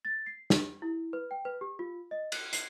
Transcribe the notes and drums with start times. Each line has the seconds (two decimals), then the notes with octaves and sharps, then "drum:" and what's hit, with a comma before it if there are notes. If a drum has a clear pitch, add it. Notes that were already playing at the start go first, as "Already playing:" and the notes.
0.05 A6
0.26 C7
0.50 G4, drum: snare
0.82 E4
1.13 B4
1.31 G5
1.45 B4
1.61 G4
1.79 F4
2.11 D#5
2.32 F#6, drum: cymbal
2.53 C7, drum: hi-hat